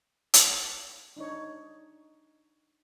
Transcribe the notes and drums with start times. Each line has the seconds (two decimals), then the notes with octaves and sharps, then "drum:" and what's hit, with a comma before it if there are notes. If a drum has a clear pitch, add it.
0.34 drum: hi-hat
1.16 D4 D#4 C#5